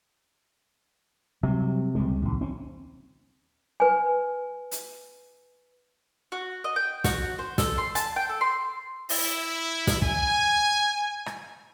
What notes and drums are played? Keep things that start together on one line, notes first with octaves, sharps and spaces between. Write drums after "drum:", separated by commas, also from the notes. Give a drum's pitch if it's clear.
C3 F#3 G3
C#2 G3 G#3
A#1 D#2
C4 C#4
B4 G#5
drum: hi-hat
F#4
D#5
G5
F#4, drum: snare
C5
A4, drum: snare
C6
A5, drum: hi-hat
G5
A4
C6
E4, drum: open hi-hat
drum: snare
G#5, drum: kick
drum: rim click